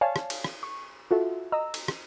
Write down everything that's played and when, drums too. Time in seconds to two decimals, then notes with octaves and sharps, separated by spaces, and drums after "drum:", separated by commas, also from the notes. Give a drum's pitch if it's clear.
0.01 C#5 D5 F5 G#5 A5
0.16 drum: rim click
0.30 drum: cymbal
0.44 drum: rim click
0.63 C#6
1.11 F4 F#4 A4 E5
1.52 D#5 A#5 E6
1.74 drum: cymbal
1.88 drum: rim click